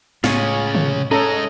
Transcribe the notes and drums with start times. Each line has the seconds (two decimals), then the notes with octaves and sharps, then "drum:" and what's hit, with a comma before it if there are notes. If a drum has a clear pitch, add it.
0.24 A2 C#3 G#3 F4 C#5 G#5, drum: snare
0.75 drum: tom
1.11 G#3 C#4 D#4 A4 D#5 A#5